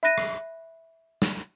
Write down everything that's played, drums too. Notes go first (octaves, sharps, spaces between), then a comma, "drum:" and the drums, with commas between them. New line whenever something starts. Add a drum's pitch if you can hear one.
E5 B5 F#6 A#6 D#7
drum: rim click
drum: snare